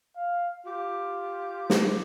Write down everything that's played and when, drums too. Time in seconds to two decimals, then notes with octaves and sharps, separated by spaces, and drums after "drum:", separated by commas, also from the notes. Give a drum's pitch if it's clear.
0.16 F5
0.66 F4 G4
1.70 drum: snare